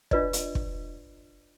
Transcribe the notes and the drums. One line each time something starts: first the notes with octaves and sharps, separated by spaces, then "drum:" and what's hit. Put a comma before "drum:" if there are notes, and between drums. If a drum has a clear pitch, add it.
D4 F4 B4 D5 D#5, drum: kick
drum: hi-hat
drum: kick